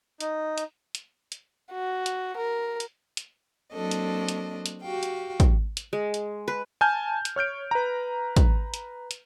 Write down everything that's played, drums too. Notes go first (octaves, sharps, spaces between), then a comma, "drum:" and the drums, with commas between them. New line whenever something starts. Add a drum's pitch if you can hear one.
D#4, drum: hi-hat
drum: hi-hat
drum: hi-hat
drum: hi-hat
F#4
drum: hi-hat
A#4
drum: hi-hat
drum: hi-hat
F#3 A#3 C4 D4 A4 D#5
drum: hi-hat
drum: hi-hat
drum: hi-hat
F#4 G4 F5 G5
drum: hi-hat
drum: kick, hi-hat
drum: hi-hat
G#3
drum: hi-hat
B4
G#5 A5 F6 G6
drum: hi-hat
C#5 F6 G6 D7
B4 A#5
drum: kick, hi-hat
drum: hi-hat
drum: hi-hat